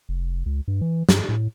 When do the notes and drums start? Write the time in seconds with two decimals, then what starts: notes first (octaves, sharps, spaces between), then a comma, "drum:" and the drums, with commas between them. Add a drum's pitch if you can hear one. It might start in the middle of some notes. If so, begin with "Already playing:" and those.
0.09 F1
0.46 C#2
0.68 G2
0.81 E3
1.09 G2, drum: snare
1.29 A2